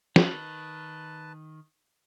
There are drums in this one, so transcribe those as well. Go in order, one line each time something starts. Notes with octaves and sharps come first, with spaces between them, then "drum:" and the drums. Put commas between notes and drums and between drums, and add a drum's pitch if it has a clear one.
D#3 B4 A5, drum: snare